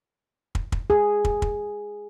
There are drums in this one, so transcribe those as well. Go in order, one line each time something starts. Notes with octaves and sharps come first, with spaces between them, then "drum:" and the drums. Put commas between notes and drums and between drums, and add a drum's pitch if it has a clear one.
drum: kick
drum: kick
G#4
drum: kick
drum: kick